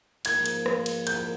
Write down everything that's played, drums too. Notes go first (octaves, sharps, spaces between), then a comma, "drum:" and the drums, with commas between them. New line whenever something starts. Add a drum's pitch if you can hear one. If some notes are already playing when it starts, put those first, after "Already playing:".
G#2 F3 A#3 G#6, drum: cymbal
drum: cymbal
drum: rim click
drum: cymbal
G6, drum: cymbal